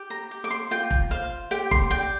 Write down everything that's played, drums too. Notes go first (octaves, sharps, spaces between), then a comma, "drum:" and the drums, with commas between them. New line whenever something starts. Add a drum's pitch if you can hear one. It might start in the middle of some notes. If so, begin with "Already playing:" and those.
Already playing: G4
A#5
G4
D6
C6
F4 G5
drum: kick F1
C5 F5
G4 G5
C6, drum: kick F1
D5 G5